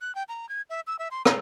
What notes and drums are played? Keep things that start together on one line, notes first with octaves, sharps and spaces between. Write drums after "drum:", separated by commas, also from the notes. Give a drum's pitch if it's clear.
F#6
G5
A#5
G#6
E5
E6
E5
C6
A#5, drum: rim click